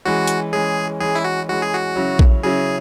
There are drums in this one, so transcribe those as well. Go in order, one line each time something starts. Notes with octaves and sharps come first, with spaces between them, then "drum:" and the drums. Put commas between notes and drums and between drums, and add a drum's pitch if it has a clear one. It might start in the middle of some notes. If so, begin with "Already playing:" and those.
E3 G#3 C#4 F#4
drum: hi-hat
E3 G#3 C#4 G#4
E3 G#3 C#4 G#4
E4
F#4
E3 G#3 C#4 F#4
G#4
F#4
C#3 F#3 C#4 E4
drum: kick A#1
C#3 F#3 C#4 E4 G#4